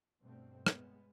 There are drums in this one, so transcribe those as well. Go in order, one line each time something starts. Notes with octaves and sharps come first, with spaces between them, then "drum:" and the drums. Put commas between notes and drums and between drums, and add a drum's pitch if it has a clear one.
G2 B2 G3 A3 C4
G#3 B3, drum: rim click